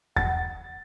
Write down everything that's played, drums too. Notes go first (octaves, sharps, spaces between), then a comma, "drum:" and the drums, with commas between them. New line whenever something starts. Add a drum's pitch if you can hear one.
F#5 A6, drum: kick E2